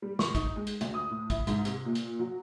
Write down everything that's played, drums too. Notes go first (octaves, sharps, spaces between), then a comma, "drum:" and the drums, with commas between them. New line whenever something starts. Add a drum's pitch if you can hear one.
G3
C#6, drum: snare
D#4, drum: kick, hi-hat
G#3
drum: hi-hat
D2, drum: hi-hat
D#6
A2
E4, drum: kick, hi-hat
G#2, drum: hi-hat
C3, drum: hi-hat
A#2
drum: hi-hat
F#3